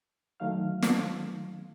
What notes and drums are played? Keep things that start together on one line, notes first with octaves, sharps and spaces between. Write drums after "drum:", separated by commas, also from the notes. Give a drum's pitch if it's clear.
D#3 F#3 A3 D#4 F5 F6
drum: snare